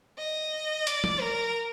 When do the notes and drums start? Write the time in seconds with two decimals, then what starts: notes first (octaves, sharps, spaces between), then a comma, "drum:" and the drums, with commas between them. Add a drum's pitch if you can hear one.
0.18 D#5
0.87 D5, drum: hi-hat
1.04 drum: tom F3
1.21 A#4